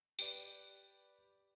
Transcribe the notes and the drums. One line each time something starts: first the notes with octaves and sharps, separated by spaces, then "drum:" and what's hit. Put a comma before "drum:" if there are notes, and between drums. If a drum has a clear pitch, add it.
G4 B4 D5, drum: tambourine